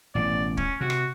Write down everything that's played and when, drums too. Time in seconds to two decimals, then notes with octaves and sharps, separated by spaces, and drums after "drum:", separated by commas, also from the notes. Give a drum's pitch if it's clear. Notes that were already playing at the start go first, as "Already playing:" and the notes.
0.15 A1 B2 D5
0.57 C#4, drum: kick
0.81 C3 F#4
0.90 drum: rim click